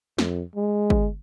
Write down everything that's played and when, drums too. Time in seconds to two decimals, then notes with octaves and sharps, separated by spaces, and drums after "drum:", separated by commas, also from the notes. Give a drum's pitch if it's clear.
0.18 F2, drum: snare
0.55 G#3
0.90 drum: kick